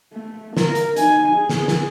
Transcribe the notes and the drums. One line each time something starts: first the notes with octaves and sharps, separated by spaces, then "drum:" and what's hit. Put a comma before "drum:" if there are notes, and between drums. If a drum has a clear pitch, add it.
A3
A#4, drum: snare
drum: hi-hat
D#4 G#5, drum: hi-hat
G#4
drum: snare
drum: snare